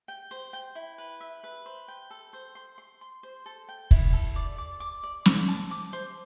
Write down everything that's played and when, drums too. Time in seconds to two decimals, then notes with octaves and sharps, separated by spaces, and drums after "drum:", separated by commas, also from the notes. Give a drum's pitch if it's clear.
0.08 G5
0.31 C5
0.53 G5
0.75 E4
0.98 B4
1.20 E5
1.43 B4
1.66 C5
1.88 G5
2.10 A4
2.33 C5
2.55 C6
2.78 C6
3.01 C6
3.23 C5
3.46 A4
3.68 G5
3.91 E4, drum: kick
4.13 A4
4.36 D5
4.58 D6
4.80 D6
5.03 D5
5.26 C5, drum: snare
5.48 A5
5.71 D6
5.93 C5